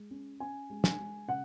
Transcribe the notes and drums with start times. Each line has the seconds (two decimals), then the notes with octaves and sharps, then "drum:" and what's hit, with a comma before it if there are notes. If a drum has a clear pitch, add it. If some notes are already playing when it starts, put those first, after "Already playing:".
Already playing: G#3
0.10 C#4
0.40 C#4 G#5
0.70 G#3
0.84 G#5, drum: snare
0.99 G#3
1.28 C#3 F#5